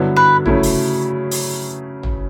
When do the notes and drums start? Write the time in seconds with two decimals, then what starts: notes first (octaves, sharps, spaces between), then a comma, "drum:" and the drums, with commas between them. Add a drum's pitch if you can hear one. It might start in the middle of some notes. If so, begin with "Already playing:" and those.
Already playing: G2 D3 F#3 B3 E4
0.16 B4
0.46 C#3 F#3 A3 E4, drum: tom
0.63 drum: open hi-hat
1.31 drum: open hi-hat
2.03 drum: tom